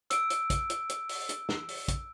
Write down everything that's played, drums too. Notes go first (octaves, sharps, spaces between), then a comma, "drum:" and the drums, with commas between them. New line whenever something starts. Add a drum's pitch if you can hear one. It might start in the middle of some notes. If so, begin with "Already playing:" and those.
E6 D7, drum: hi-hat
drum: hi-hat
drum: kick, hi-hat
drum: hi-hat
drum: hi-hat
drum: open hi-hat
drum: hi-hat
drum: snare
drum: open hi-hat
drum: kick, hi-hat